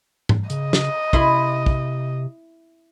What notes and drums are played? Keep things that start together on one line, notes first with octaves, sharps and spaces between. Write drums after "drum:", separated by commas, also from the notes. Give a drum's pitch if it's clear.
drum: tom G#2
C#3 D#5, drum: hi-hat
drum: snare
C3 E4 E5 C6, drum: kick
drum: kick